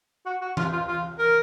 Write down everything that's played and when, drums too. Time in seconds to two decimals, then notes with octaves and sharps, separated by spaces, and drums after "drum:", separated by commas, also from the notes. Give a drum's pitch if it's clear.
0.26 F#4
0.42 F#4
0.57 F4, drum: tom E3
0.73 F4
0.88 F4
1.19 A#4